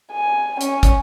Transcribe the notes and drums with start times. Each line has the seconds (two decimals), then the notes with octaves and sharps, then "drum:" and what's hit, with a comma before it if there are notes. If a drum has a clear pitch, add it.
0.13 G#5
0.61 C#4, drum: hi-hat
0.83 drum: kick, hi-hat